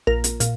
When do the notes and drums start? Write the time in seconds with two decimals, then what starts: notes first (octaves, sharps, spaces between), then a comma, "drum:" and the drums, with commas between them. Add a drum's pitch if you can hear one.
0.07 A#1 A#4
0.24 drum: hi-hat
0.40 A#2, drum: hi-hat